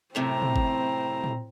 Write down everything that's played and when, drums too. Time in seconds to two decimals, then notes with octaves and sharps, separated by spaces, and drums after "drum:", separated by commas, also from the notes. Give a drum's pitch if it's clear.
0.15 F#2 A2 C3 C4 A#5
0.42 drum: tom
0.56 drum: kick
1.24 drum: tom